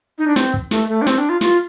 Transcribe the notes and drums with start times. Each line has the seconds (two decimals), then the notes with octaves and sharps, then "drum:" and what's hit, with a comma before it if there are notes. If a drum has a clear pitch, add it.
0.18 D#4
0.27 D4
0.36 C4, drum: snare
0.54 drum: kick
0.71 A3, drum: snare
0.89 A3
1.02 D4
1.07 C4, drum: snare
1.18 D4
1.29 F4
1.41 F4, drum: snare